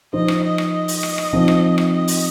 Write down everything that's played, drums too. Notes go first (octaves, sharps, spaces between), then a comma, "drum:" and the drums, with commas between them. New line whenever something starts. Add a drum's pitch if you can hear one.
F3 D#4 C5 D#5
drum: rim click
D#5
drum: rim click
D#5
drum: open hi-hat
drum: rim click
drum: rim click
F3 C4 D#4 C5
drum: rim click
drum: rim click
D#5
drum: open hi-hat